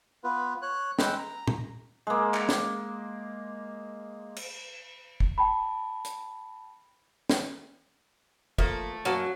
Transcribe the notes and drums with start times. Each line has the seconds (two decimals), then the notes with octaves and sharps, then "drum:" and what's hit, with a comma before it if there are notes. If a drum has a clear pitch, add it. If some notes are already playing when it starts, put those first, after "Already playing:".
0.24 B3 F4 B4
0.62 C#5 F#6
0.99 G#3 B4 G5 E6, drum: snare
1.18 A#5
1.48 drum: tom A#2
2.07 G#3 A#3
2.34 drum: clap
2.49 drum: snare
4.36 drum: cymbal
5.20 drum: kick
5.38 G5 A5 B5
6.05 drum: hi-hat
7.29 drum: snare
8.58 F3 A3 A#3, drum: kick
9.05 F#2 F#3 A#3 A5